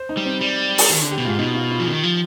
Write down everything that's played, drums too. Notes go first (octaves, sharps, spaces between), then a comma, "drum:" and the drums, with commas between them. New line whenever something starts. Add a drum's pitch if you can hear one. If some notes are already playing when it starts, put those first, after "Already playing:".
Already playing: C5
D#4
G3
C4
G3
drum: open hi-hat
D#3
D3
G4
B2
G#2 F4
B2 D#4
F4
F4
F3
D#3
F3